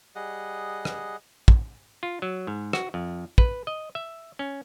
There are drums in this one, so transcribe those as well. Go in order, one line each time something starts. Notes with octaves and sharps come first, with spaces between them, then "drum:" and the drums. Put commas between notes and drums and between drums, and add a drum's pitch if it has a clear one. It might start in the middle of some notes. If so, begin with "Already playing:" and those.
G3 G#4 D#5 F#5
drum: rim click
drum: kick
F4
F#3
G#2
F#4, drum: rim click
F2
B4, drum: kick
D#5
E5
C#4